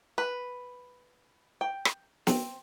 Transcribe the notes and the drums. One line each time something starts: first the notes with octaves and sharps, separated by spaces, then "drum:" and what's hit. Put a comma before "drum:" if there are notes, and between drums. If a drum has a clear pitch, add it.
B4
G5
drum: rim click
C4, drum: snare